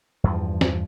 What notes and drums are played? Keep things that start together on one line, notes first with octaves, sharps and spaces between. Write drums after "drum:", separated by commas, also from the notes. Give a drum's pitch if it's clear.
E2 G2 F3
drum: snare